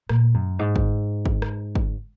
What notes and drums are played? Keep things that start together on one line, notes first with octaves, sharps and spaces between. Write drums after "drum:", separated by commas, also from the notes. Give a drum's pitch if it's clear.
A#2, drum: rim click
F#2
G#2
drum: kick
drum: kick
drum: rim click
drum: kick